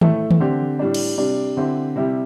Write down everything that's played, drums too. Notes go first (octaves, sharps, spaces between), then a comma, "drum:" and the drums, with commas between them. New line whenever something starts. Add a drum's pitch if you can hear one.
A2 A3 E4 A4, drum: tom D#3
drum: tom D#3
D3 C4 G4
A2 G3 D4
drum: cymbal
C3 G3 D4
D3 C4 E4 G4
C3 G3 E4 G4